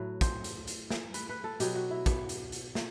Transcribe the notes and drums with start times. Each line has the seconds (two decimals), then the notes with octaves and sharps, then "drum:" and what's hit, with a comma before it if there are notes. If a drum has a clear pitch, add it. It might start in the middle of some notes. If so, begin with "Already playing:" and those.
Already playing: A2 F#3 B4
0.21 C5, drum: kick, hi-hat
0.44 drum: hi-hat
0.67 drum: hi-hat
0.90 drum: snare
1.14 B4, drum: hi-hat
1.29 B4
1.44 A4
1.60 B2 F#3 G4, drum: hi-hat
1.75 F#4
1.91 E4
2.06 B3, drum: kick, hi-hat
2.29 drum: hi-hat
2.52 drum: hi-hat
2.75 drum: snare